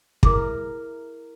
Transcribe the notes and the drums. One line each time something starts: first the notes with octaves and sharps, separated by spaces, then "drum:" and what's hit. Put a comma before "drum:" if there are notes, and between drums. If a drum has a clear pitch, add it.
E4 G#4 A#4 D6, drum: kick